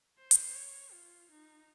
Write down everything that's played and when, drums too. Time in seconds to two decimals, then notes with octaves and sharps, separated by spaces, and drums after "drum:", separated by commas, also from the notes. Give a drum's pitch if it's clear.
0.18 C5
0.31 drum: hi-hat
0.56 C#5
0.92 F4
1.31 D#4